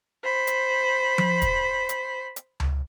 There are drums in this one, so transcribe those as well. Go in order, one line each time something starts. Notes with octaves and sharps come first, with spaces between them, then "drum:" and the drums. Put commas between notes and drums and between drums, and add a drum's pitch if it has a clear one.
C5 B5
drum: hi-hat
drum: tom F3
drum: kick, hi-hat
drum: hi-hat
drum: hi-hat
drum: tom C#2